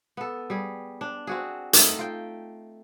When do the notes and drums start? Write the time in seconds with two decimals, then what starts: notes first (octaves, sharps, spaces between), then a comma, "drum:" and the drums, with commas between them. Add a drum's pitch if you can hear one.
0.17 B3 A4
0.50 G3 G#4
1.01 D4
1.27 C4 F#4 G#4
1.73 A3 D#4, drum: hi-hat
1.99 F4 G5